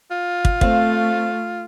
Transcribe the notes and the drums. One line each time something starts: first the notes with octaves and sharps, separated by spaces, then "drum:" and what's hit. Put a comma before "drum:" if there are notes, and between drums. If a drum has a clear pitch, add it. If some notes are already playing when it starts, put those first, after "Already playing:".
F4
drum: kick
A3 C4 F5, drum: kick